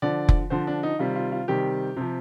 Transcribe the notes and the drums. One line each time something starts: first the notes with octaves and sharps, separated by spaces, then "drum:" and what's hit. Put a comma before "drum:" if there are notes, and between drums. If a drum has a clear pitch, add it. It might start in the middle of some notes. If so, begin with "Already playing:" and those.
D3 F3 D5
drum: kick F1
D3 F3 C5
D4
D#4
C3 D#3 G3 F4
F4
F4
C3 D#3 G3 G4
C3 F3